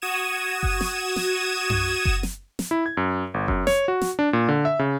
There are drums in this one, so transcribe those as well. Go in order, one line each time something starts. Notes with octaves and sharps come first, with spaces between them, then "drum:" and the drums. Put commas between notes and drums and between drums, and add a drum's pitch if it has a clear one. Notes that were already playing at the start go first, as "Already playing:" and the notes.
F#4 D#6 G#6 D#7 E7
drum: kick F#1
drum: snare
drum: snare
drum: tom F#2
drum: kick F#1
drum: snare
drum: snare
E4
G#6
F#2
G1
F#2, drum: kick F#1
C#5, drum: snare
F#4
drum: snare
D4
A#2
D3
E5
C#3